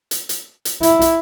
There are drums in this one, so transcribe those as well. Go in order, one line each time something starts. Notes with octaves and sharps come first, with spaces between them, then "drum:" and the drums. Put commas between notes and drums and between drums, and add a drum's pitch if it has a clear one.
drum: hi-hat
drum: hi-hat
drum: hi-hat
E4, drum: hi-hat
drum: hi-hat